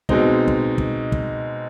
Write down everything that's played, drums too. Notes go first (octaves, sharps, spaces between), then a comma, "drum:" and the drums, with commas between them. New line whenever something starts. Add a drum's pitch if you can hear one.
B2 G#3 C4 D#4, drum: kick
drum: kick
drum: kick
drum: kick